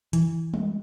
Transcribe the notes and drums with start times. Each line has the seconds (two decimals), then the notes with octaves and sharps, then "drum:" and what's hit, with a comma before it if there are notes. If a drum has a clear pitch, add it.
0.13 E3, drum: hi-hat
0.54 drum: tom